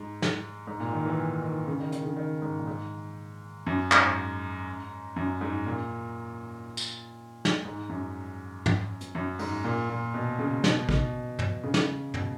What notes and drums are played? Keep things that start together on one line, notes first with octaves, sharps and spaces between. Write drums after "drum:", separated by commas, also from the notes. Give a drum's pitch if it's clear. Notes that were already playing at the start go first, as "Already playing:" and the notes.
Already playing: G#2
drum: snare
G#2
A#2
D#3
E3
D#3
C#3
D#3
D#3, drum: hi-hat
C#3
D#3
G#2
A#2
G#2
F#2
G#2, drum: clap
F#2
G#2
A#2
drum: tambourine
drum: snare
G#2
F#2
drum: tom
drum: hi-hat
F#2
G#2, drum: open hi-hat
A#2
A#2
B2
C#3
B2, drum: snare
B2, drum: kick
drum: tom
C#3
drum: snare
B2, drum: tom